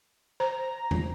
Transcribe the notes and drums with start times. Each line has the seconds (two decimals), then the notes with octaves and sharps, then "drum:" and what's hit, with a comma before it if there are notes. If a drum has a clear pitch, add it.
0.40 C5 A#5
0.91 drum: tom E2